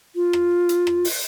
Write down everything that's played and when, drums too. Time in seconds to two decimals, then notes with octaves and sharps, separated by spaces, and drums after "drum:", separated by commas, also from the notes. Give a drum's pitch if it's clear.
0.16 F4
0.33 drum: rim click
0.69 drum: hi-hat
0.87 drum: rim click
1.05 drum: open hi-hat